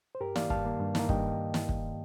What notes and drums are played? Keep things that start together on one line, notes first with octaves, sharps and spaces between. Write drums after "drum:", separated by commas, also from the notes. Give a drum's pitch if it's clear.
C5
G2 G4 A#4
D#3 A#3 D5 F5, drum: snare
G2 F5 A5, drum: kick
D#3 A#3
G2
D#3 A#3, drum: snare
G2 D#5 G5, drum: kick
drum: snare
drum: kick